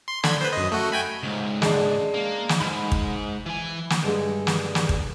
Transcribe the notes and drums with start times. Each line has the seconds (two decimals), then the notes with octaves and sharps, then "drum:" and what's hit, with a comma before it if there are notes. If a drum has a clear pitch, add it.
0.08 C6
0.23 D3 B5 G#6, drum: snare
0.41 B4 C5
0.53 F#2 D#5
0.72 A3 F#4
0.92 G5 G#5 B5
1.23 C#2 G#2
1.62 G#3 D4, drum: snare
2.14 A#3
2.49 drum: snare
2.60 G#2 B5
2.92 drum: kick
3.46 E3 G#5
3.90 drum: snare
4.02 G2 D3 G3 G#3 G4 G#4
4.47 drum: snare
4.75 drum: snare
4.89 drum: kick